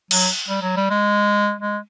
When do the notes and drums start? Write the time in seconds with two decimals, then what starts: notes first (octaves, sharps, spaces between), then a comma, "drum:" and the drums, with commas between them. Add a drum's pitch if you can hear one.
0.11 F#3, drum: cymbal
0.49 G3
0.62 F#3
0.77 G3
0.90 G#3
1.61 G#3